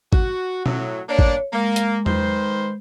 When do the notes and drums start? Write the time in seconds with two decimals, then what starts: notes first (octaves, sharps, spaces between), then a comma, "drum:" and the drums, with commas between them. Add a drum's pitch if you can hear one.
0.13 F#4, drum: kick G#1
0.66 A2 F#3, drum: tom B2
1.09 A#3 D4 C#5
1.19 drum: kick G#1
1.53 G#3 A#3
1.76 drum: hi-hat
2.06 D#3 B4 C5, drum: tom E2